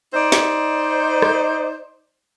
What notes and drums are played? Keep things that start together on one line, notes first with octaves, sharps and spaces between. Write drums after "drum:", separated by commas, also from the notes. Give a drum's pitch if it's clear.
D#4 C5 D5
drum: snare
drum: rim click